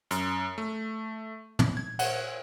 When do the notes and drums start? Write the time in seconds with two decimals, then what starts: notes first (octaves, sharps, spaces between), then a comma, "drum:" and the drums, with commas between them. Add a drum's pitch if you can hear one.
0.11 F#2, drum: hi-hat
0.58 A3
1.59 drum: tom
1.77 G#6
1.99 F#5, drum: cymbal